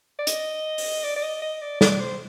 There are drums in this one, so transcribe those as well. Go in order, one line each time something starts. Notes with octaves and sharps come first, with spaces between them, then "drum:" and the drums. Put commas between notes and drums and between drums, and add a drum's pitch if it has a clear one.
D5
D#5, drum: hi-hat
drum: open hi-hat
D5
D5
D#5
D#5
D5
D5, drum: snare
D5
C5